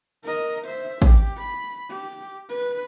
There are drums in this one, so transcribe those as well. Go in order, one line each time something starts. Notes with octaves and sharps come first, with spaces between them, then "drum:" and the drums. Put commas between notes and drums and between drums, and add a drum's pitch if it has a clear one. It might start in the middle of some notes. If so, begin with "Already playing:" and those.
A#4 D#5
C5 E5
G4, drum: kick
B5
G4
B4